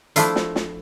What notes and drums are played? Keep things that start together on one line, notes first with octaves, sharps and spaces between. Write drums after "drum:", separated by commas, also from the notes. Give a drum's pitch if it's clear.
F3 A3 D4 E4 F4, drum: hi-hat
drum: snare
drum: snare